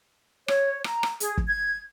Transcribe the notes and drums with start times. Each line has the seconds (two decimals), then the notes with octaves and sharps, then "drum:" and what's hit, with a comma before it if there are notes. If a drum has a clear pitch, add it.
0.48 C#5, drum: rim click
0.84 A#5, drum: rim click
1.03 drum: rim click
1.20 G#4, drum: hi-hat
1.38 drum: kick
1.47 G#6